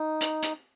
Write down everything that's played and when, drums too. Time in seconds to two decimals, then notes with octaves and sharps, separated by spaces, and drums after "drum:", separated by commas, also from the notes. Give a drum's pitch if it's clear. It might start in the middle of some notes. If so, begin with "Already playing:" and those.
Already playing: D#4
0.21 drum: hi-hat
0.43 drum: hi-hat